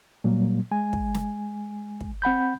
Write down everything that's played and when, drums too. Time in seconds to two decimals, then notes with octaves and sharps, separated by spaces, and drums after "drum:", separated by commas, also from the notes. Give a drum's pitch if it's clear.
0.24 A#2 F#3 G3 A#3
0.71 G#3 G#5
0.93 drum: kick
1.14 drum: snare
2.01 drum: kick
2.22 C4 F#5 B5 G6